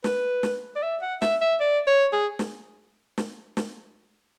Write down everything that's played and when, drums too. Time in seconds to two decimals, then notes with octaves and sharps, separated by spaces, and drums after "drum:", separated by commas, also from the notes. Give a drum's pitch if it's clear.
0.04 B4, drum: snare
0.43 drum: snare
0.76 D5
0.83 E5
1.02 F#5
1.22 E5, drum: snare
1.41 E5
1.60 D5
1.87 C#5
2.13 G#4
2.39 drum: snare
3.18 drum: snare
3.57 drum: snare